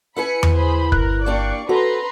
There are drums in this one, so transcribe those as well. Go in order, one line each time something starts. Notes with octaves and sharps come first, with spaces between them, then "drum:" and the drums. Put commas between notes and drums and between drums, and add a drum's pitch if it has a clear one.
E4 B4 G#5 B5 C#7
drum: tom E2
G#4 C5 B5
G1 A#4 F#6, drum: kick
A#3 D4 G4 D5 C#6
C4 F#4 A4 B4 A#5 C6